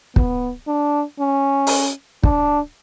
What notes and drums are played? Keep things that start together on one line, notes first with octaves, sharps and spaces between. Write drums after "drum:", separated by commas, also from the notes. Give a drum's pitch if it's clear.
B3, drum: kick
D4
C#4
drum: open hi-hat
D4, drum: kick